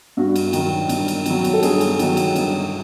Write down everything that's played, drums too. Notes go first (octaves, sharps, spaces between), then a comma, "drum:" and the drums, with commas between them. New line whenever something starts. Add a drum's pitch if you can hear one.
G2 F#4
drum: cymbal
D#3 F#3, drum: cymbal
G2, drum: cymbal
drum: cymbal
D#3 F#3, drum: cymbal
drum: cymbal
A4
G2 G#4, drum: cymbal
drum: cymbal
D#3 F#3, drum: cymbal
drum: cymbal
G2, drum: cymbal